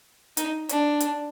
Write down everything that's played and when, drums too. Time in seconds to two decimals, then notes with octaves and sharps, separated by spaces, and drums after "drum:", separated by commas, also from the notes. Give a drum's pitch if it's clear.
0.37 D#4, drum: hi-hat
0.69 D4, drum: hi-hat
1.00 drum: hi-hat